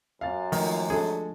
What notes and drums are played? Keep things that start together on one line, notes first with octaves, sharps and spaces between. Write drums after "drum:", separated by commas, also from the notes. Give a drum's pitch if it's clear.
F#2 F5 A6
D#3 F3 G#3 A3, drum: open hi-hat
G#3 D4 G#4 A4